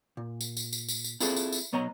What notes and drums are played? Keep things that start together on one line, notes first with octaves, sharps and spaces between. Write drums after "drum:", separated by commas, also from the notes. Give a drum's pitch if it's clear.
A#2
drum: tambourine
drum: tambourine
drum: tambourine
drum: tambourine
drum: tambourine
C4 E4 F4 G#4 A4, drum: tambourine
drum: tambourine
drum: tambourine
B1 B3 C#5 D#5 A#5